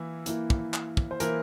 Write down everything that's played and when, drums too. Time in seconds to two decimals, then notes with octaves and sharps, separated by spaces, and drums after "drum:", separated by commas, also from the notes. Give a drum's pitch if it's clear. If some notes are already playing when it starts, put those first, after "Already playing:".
Already playing: E3 A#3 E4
0.26 E3 A#3 E4, drum: hi-hat
0.50 drum: kick
0.74 drum: clap
0.97 drum: kick
1.11 C5
1.20 E3 A#3 E4 A#4, drum: hi-hat